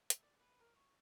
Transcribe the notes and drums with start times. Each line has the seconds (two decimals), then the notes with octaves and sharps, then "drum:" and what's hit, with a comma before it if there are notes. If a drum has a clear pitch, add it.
0.10 E5, drum: hi-hat
0.23 D5
0.40 B4
0.60 A#4
0.76 C#5